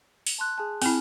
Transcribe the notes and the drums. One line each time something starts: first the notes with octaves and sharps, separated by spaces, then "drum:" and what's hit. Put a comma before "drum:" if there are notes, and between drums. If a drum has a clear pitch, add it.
drum: open hi-hat
A5 C6 F#6
G#4 G#5 A5
C4 E4 G#5 F6, drum: open hi-hat